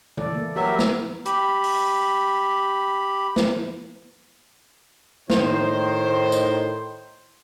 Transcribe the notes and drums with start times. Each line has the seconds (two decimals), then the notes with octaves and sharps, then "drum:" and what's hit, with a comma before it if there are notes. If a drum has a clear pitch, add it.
0.17 E3 A4 D5, drum: tom C#3
0.35 A#3
0.56 F#3 G4 A#4 B4 E5
0.79 drum: snare
1.25 G4 B5, drum: hi-hat
1.64 drum: open hi-hat
3.36 drum: snare
5.30 A2 D#3 C5, drum: snare
6.32 drum: tambourine